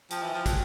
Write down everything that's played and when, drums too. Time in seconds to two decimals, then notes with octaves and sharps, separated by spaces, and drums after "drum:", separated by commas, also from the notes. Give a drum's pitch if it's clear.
0.11 F3 G5, drum: hi-hat
0.22 E3
0.34 F3
0.46 F#3, drum: kick, hi-hat